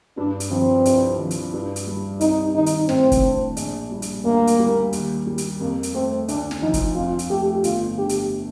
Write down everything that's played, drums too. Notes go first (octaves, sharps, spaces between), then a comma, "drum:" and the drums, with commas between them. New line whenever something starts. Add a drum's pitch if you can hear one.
G2 D4
drum: hi-hat
F3 C4
C2, drum: hi-hat
F3
drum: hi-hat
G2
drum: hi-hat
G3
C2 D#4, drum: hi-hat
D#3 D#4
drum: hi-hat
A2 C4, drum: snare
drum: kick, hi-hat
D4
A#1, drum: hi-hat
G3
drum: hi-hat
D2 A#3
drum: hi-hat
G3
D#2, drum: hi-hat
G3
drum: hi-hat
F2 A#3
drum: hi-hat
A3 C4
D2 D4, drum: hi-hat
drum: snare
F3 D#4
drum: kick, hi-hat
F2 F4
drum: hi-hat
A3 G4
G1 F4, drum: hi-hat
D3 G4
drum: hi-hat